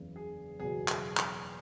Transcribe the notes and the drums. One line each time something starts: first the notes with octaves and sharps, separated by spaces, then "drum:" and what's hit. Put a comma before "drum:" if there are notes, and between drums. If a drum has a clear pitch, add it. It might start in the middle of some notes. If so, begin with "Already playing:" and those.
Already playing: F#1 E2 C#3
G#4
F#1 E2 B2 F#3 G#4
drum: clap
drum: clap